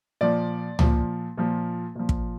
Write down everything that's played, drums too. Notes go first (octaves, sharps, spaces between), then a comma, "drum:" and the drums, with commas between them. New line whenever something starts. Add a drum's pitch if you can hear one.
A#2 F3 D5
A#2 F3, drum: tom C#2
A#2 F3
A#2 F3
drum: kick